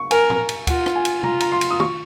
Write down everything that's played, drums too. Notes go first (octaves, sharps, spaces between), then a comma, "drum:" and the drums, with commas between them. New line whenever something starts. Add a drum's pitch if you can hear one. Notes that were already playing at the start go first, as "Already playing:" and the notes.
Already playing: C#6
A#4 G#5, drum: cymbal
drum: tom A2
drum: cymbal
F4 F#5, drum: kick D2, cymbal
drum: rim click
G#5
drum: cymbal
F4 A#5, drum: tom C3
A#5, drum: cymbal
C6
drum: cymbal
D#6
C#6, drum: tom